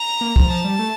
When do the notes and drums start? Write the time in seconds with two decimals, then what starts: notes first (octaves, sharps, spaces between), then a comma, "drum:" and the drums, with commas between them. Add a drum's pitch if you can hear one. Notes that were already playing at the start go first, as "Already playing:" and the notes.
Already playing: A#5
0.21 A#3
0.36 F3, drum: kick
0.49 F3 A5
0.64 G3
0.79 A3